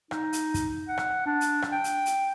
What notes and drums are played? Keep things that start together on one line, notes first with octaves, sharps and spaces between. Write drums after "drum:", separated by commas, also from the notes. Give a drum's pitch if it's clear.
D#4, drum: rim click
drum: hi-hat
drum: kick, hi-hat
F#5
drum: rim click
D4
drum: hi-hat
drum: rim click
G5
drum: hi-hat
drum: hi-hat